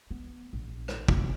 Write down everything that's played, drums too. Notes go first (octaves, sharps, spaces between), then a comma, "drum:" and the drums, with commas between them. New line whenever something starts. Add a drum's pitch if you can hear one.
B3
A#1
drum: rim click
F1, drum: kick